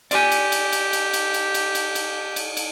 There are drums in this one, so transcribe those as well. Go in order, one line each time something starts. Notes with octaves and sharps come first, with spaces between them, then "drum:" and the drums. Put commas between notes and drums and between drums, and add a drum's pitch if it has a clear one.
G4 D5 G#5, drum: cymbal
drum: cymbal
drum: cymbal
drum: cymbal
drum: cymbal
drum: cymbal
drum: cymbal
drum: cymbal
drum: cymbal
drum: cymbal
drum: cymbal
drum: cymbal